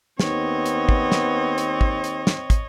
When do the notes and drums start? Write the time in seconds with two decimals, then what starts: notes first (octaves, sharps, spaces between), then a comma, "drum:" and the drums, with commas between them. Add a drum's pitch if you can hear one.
0.20 D#2 B3 C4 C#5 D#5, drum: snare
0.66 drum: hi-hat
0.89 drum: kick
1.12 drum: snare
1.58 drum: hi-hat
1.81 drum: kick
2.04 drum: hi-hat
2.27 drum: snare
2.50 drum: kick, hi-hat